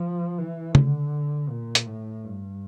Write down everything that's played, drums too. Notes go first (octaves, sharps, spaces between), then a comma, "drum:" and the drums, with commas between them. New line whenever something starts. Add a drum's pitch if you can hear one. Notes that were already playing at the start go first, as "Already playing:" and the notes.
Already playing: F3
E3
D3, drum: tom C#3
A#2
drum: hi-hat
A2
G2